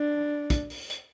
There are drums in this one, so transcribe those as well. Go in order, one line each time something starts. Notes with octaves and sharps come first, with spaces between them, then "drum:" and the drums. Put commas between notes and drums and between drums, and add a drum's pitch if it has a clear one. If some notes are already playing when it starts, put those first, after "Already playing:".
Already playing: D4
drum: kick, hi-hat
drum: open hi-hat
drum: hi-hat